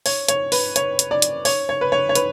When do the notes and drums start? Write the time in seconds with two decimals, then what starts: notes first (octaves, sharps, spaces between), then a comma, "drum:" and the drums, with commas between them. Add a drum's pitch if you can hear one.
0.06 C#5, drum: open hi-hat
0.28 C#5, drum: hi-hat
0.52 B4, drum: open hi-hat
0.76 C#5, drum: hi-hat
0.99 drum: hi-hat
1.11 D5
1.22 drum: hi-hat
1.45 C#5, drum: open hi-hat
1.69 C#5
1.81 B4
1.92 C#5
2.09 C#5
2.15 B4, drum: hi-hat